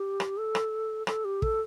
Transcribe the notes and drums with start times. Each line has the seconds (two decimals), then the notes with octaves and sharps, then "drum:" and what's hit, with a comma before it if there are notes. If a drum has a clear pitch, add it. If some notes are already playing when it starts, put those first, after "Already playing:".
Already playing: G4
0.20 drum: rim click
0.38 A4
0.55 drum: rim click
1.07 A4, drum: rim click
1.25 G4
1.42 A4, drum: kick